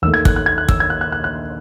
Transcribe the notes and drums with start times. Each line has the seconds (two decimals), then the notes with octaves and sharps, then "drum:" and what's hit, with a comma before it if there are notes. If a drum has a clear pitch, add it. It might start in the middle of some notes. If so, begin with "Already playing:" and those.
0.02 D#2 D#3 A3 E6
0.14 G#6
0.25 F#6, drum: kick
0.36 F#6
0.46 G#6
0.58 F#6
0.69 E6, drum: kick
0.80 G#6
0.90 F#6
1.01 F#6
1.12 F#6
1.24 F#6